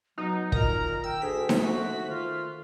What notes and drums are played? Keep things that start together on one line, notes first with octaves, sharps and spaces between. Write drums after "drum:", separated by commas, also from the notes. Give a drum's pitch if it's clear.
B2 F#3 D#4
A#2 D#3 A#4 A#5, drum: kick
G5 E6
D2 D4 G#4 B6
drum: snare D#4
A3 F#4 C5
D#3 F4